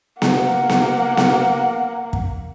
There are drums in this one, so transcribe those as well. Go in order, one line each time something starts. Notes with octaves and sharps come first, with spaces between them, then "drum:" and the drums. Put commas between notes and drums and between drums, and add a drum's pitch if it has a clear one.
A#3 F#5, drum: snare B3
drum: snare B3
drum: snare B3
drum: kick